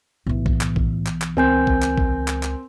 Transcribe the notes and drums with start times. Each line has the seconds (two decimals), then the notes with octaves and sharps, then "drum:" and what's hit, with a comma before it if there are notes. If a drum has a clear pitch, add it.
0.27 B1 A2 E3
0.46 drum: kick A#1
0.61 drum: clap
0.76 drum: kick A#1
1.06 drum: clap
1.22 drum: clap
1.37 C#2 C4 A#4 G#5 G6
1.67 drum: kick A#1
1.82 drum: clap
1.98 drum: kick A#1
2.28 drum: clap
2.43 drum: clap